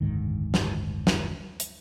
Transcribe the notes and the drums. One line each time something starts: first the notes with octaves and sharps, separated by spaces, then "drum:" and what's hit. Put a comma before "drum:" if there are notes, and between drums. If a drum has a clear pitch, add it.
F#1 D2 G#2 D#3
drum: snare
drum: snare
drum: hi-hat